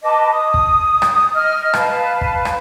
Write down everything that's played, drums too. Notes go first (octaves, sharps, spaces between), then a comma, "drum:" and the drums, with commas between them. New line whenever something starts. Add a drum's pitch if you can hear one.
B4 D#5 A5 D6
D#6
drum: kick
drum: rim click
D#5 F6
B4 F5 A5, drum: rim click
drum: kick
drum: rim click